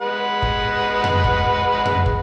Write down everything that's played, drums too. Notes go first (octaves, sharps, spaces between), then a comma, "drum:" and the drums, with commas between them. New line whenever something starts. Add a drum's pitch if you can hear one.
G#3 B4 F#5
drum: kick
drum: tom F2
drum: kick
drum: tom F2
drum: kick